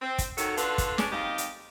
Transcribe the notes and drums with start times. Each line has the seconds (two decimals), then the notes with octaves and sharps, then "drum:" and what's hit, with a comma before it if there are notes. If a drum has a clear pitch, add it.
0.02 C4
0.18 drum: kick, hi-hat
0.37 D#3 F#3 A4, drum: hi-hat
0.57 D3 D4 F4 F#4 A4 B4, drum: hi-hat
0.78 drum: kick, hi-hat
0.98 C#4 D4 G#4, drum: snare
1.12 F2 D#4 G4 D#5 F5
1.38 drum: hi-hat